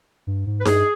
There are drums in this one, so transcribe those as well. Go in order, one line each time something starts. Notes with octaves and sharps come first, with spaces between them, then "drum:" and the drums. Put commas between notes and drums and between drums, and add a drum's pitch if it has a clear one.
G2
G#2
B4
G2 G#4, drum: snare D#4